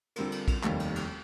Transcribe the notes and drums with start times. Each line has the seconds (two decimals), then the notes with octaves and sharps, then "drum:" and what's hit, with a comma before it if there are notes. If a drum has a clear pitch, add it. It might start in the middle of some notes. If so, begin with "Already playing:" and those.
0.16 D3 G3 C4 F4 A#4, drum: cymbal
0.32 drum: cymbal
0.48 drum: kick A#1, cymbal
0.64 F1 D#2 D#3 G3, drum: clap
0.80 drum: cymbal
0.96 drum: cymbal